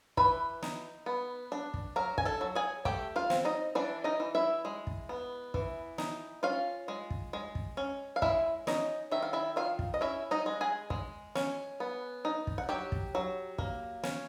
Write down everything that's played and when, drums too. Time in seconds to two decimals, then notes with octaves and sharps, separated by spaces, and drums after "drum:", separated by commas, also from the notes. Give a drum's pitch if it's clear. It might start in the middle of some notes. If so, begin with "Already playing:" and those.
0.17 E3 B4 B5, drum: kick
0.62 D#4, drum: snare
1.06 B3
1.52 D4
1.74 drum: kick
1.96 F#3 A#4 A#5
2.18 G#5, drum: kick
2.25 A4 A5
2.41 F#3
2.55 G#4 G#5
2.85 A3 G4 G5, drum: kick
3.16 F4 F5
3.30 C4, drum: snare
3.45 D#4 D#5
3.75 E3 D4 D5
4.04 D#4 D#5
4.20 E3
4.35 E4 E5
4.65 G#3
4.87 drum: kick
5.09 B3
5.54 E3, drum: kick
5.98 D#4, drum: snare
6.43 C#4 F4 F5
6.88 G#3
7.10 drum: kick
7.33 G#3
7.55 drum: kick
7.77 C#4
8.16 F5
8.22 G#3 E4 E5, drum: kick
8.67 C#4 D#4 D#5, drum: snare
9.11 D#3 E5
9.22 F5
9.33 E4 E5
9.56 D#3 F4 F5
9.79 drum: kick
9.94 D#5
10.01 C#4 E4 E5
10.31 D#4 D#5
10.46 G#3
10.61 G#4 G#5
10.90 G#3, drum: kick
11.35 C#4, drum: snare
11.80 B3
12.25 D#4
12.47 drum: kick
12.58 F#5
12.69 F#3 G4 G5
12.92 drum: kick
13.15 F#3
13.58 A#3, drum: kick
14.03 C#4, drum: snare